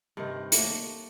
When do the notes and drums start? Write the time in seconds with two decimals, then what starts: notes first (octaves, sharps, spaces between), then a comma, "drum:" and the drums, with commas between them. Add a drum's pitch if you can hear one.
0.17 G2 C3 D#3
0.52 A3 A#3, drum: hi-hat